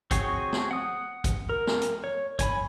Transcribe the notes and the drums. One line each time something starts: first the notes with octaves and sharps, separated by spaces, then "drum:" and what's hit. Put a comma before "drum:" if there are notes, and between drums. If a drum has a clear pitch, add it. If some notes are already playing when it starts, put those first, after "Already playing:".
C4 F#4 G#4 C#5, drum: kick, hi-hat
drum: snare
F#5 D#6
drum: kick, hi-hat
A#4
drum: snare
drum: hi-hat
C#5
C#5 G#5 B5, drum: kick, hi-hat